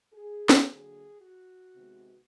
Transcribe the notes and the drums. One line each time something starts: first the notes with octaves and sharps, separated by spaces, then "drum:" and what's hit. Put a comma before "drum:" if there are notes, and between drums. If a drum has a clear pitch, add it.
G#4
drum: snare
D3 F#3 A#3 G#4
F#4
C3 D#3 G#3 B3